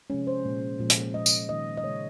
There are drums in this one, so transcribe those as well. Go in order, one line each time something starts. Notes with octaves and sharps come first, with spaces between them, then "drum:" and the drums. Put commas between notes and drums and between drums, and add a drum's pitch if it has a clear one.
C3 F3 G#3 C#4
C5
A#2 G#3
A#2 F3 G#3
drum: hi-hat
A#2 G#3 D#5
drum: tambourine
D#3 A#3 D#5
D#5
C#3 G#3 C#5